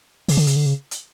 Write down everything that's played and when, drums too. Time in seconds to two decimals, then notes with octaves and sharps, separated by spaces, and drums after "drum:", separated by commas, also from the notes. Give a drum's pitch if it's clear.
0.28 C#3, drum: open hi-hat
0.37 D3
0.47 C#3, drum: hi-hat
0.56 D3
0.66 C#3
0.91 drum: hi-hat